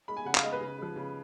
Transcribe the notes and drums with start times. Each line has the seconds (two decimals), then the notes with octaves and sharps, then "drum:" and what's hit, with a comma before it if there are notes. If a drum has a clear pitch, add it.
0.08 G#3 B5
0.17 G#5
0.25 C#3 F#5
0.35 F5, drum: clap
0.43 G#3 D#5
0.52 B4
0.61 C#3
0.78 F3 G#3
0.96 C#3